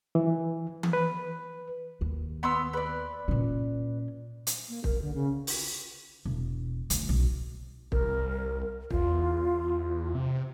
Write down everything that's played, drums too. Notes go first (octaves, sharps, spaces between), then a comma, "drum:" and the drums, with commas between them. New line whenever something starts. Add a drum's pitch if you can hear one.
E3
drum: tom E3
B4
D#2
B3 C6 E6
B4 D5
A#2 C#4
drum: hi-hat
A#3
A#4, drum: kick
D3
C#3
drum: open hi-hat
E1
D2, drum: hi-hat
B1
C2 A#4, drum: kick
E2 F4, drum: kick
C3